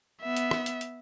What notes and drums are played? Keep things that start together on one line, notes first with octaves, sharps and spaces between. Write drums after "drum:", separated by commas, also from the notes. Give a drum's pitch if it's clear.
B3 E5
drum: hi-hat
drum: rim click
drum: hi-hat
drum: hi-hat